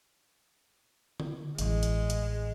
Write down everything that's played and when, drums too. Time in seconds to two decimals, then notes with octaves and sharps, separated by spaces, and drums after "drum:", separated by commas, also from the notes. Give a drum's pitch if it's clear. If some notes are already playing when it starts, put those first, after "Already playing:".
1.20 drum: tom D3
1.59 A1 E3 G#3, drum: hi-hat
1.83 drum: hi-hat
2.10 drum: hi-hat